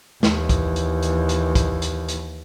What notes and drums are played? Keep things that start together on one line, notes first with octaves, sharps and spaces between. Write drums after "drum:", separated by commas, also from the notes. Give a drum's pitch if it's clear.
D#2 E3, drum: snare
drum: kick, hi-hat
drum: hi-hat
drum: hi-hat
drum: hi-hat
drum: kick, hi-hat
drum: hi-hat
drum: hi-hat